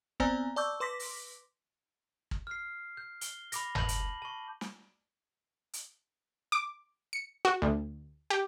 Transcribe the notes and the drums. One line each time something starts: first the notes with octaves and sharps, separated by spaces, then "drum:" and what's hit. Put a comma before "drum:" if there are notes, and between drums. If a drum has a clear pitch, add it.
B3 C4 C5 D5 G#5 A#5, drum: kick
D5 A5 C#6 D6 E6 G6
B4 C6 D6 A#6 B6
drum: open hi-hat
drum: kick
F6 C7
G6
G7, drum: hi-hat
B5 D6 A#6, drum: hi-hat
A5 B5 G6 F#7, drum: tom G1
drum: hi-hat
A5 C#6
drum: snare
drum: hi-hat
D6
C#7
F#4
D2
G4